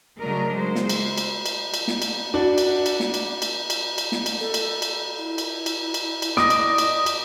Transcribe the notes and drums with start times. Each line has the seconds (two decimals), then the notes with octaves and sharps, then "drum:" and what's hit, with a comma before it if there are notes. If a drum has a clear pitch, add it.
0.19 C#3 F#3 A3 D4 A#4 D#5
0.54 G#3 C5
0.75 drum: snare
0.89 drum: cymbal
1.18 drum: cymbal
1.46 drum: cymbal
1.74 drum: cymbal
1.88 drum: snare
2.02 drum: cymbal
2.34 D4 F#4
2.58 drum: cymbal
2.86 drum: cymbal
3.00 drum: snare
3.14 drum: cymbal
3.42 drum: cymbal
3.70 drum: cymbal
3.98 drum: cymbal
4.12 drum: snare
4.26 drum: cymbal
4.40 A4
4.54 drum: cymbal
4.82 drum: cymbal
5.18 E4
5.38 drum: cymbal
5.66 drum: cymbal
5.94 drum: cymbal
6.22 drum: cymbal
6.37 D5 D#5 D#6, drum: snare
6.50 drum: cymbal
6.78 drum: cymbal
7.06 drum: cymbal